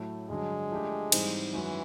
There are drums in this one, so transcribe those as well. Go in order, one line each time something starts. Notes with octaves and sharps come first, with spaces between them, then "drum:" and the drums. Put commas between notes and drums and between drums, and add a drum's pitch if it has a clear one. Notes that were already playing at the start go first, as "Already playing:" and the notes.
Already playing: A2 F#3 A3
G2 D3 F#3 G#3
F3 A3 D4 G4
G#2 E3 G3 C4 D#4, drum: cymbal
F#2 D#3 E3 G#3 C#4 F#4